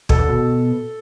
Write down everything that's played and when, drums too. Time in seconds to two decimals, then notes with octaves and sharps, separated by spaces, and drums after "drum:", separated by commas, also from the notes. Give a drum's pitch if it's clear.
0.09 B2 A4, drum: kick
0.18 D3
0.29 B2